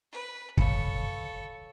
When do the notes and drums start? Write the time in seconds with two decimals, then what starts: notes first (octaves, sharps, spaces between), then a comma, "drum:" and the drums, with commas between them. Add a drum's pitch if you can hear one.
0.12 B4
0.57 A4 C#5 F5 B5 C#7, drum: kick